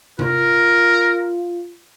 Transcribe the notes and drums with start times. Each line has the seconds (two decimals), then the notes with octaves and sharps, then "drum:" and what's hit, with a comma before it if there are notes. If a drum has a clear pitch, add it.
0.19 F4 A#4, drum: tom C3